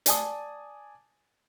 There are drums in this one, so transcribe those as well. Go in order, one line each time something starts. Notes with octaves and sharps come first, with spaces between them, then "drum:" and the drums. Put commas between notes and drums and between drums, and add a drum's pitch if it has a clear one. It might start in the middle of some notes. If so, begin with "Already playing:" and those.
D5 G#5 A5 D#6, drum: hi-hat